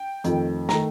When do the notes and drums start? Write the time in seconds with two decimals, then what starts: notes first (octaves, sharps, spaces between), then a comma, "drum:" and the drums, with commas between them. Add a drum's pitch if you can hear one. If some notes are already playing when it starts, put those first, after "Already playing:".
Already playing: G5
0.24 F2 D#3 A3, drum: hi-hat
0.69 D#3 A3 A#5, drum: snare